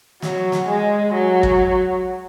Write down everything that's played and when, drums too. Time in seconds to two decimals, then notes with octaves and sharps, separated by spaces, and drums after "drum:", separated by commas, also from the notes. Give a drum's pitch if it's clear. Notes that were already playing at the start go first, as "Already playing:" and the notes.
0.22 F#3, drum: snare
0.52 drum: snare
0.67 G#3
1.13 F#3
1.43 drum: kick